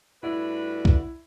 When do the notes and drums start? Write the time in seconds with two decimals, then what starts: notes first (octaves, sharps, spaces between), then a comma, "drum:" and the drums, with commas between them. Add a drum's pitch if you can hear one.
0.23 A2 G3 D4 E4 F#4 B4
0.85 drum: kick